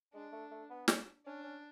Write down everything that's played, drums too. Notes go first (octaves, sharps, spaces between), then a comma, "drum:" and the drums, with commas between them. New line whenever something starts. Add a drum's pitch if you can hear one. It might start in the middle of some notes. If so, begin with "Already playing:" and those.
G#3 D4
A3
A3
B3
C#4, drum: snare
C#4 D4
C#4